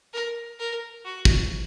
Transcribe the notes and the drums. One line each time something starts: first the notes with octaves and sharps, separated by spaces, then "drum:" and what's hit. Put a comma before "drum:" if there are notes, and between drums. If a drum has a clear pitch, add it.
A#4
A#4
F#4
drum: kick